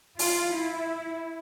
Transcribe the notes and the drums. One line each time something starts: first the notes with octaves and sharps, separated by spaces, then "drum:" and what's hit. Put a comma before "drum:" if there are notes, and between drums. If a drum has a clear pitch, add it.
F4, drum: open hi-hat
E4